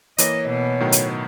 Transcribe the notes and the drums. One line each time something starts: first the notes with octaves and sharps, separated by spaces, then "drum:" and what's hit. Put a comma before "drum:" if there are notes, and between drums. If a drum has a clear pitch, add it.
E3 A#3 C#5 D#5, drum: hi-hat
B2
A2 D#3 F#3
drum: hi-hat